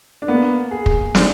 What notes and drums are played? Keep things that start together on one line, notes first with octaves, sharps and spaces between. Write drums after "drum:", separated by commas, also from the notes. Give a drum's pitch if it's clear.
D4
A#3 B3
G#4
drum: kick
D4 D#4, drum: snare